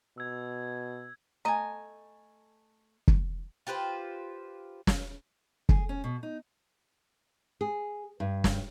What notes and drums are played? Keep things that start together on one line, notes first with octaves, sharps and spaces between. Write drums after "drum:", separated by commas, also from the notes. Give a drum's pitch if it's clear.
B2 E6 G#6
A3 D#5 G#5 A#5
drum: kick
F4 G4 B4 C5
drum: snare
G#4, drum: kick
C#4
B2
D#4
G#4
G2
drum: snare